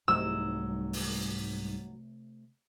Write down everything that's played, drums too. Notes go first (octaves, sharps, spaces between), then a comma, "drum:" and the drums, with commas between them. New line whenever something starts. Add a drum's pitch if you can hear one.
C2 G#2 C3 F#3 A3 E6
drum: open hi-hat